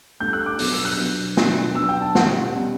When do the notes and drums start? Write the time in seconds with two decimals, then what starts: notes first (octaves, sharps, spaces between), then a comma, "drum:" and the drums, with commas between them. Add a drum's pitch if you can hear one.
0.20 A2 G3 D4 G6
0.33 F#6
0.46 D6
0.59 B2 F#3 B3 D4, drum: open hi-hat
0.72 E6
0.85 F#6
0.98 B2 F#3 B3 D4
1.37 B2 F#3 B3 D4, drum: snare
1.75 B2 F#3 B3 D4 E6
1.89 G5
2.02 A5
2.15 B2 G3 C#4 F#5, drum: snare
2.53 B2 G3 C#4